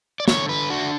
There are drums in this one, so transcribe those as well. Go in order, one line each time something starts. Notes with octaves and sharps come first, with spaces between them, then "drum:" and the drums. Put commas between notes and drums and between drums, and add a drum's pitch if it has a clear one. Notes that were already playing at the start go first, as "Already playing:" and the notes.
D5
D3 C#5, drum: snare
B4
D4 F#4